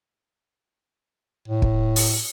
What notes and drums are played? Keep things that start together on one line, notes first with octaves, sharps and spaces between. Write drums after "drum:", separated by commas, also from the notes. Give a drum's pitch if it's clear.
A2
drum: kick
drum: open hi-hat